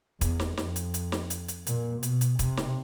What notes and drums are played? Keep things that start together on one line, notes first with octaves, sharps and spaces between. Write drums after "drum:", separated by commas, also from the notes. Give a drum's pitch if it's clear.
E2, drum: kick, hi-hat
drum: snare
F2, drum: snare
drum: hi-hat
drum: hi-hat
drum: snare
drum: hi-hat
drum: hi-hat
A#2, drum: hi-hat
B2, drum: hi-hat
drum: hi-hat
C3, drum: kick, hi-hat
drum: snare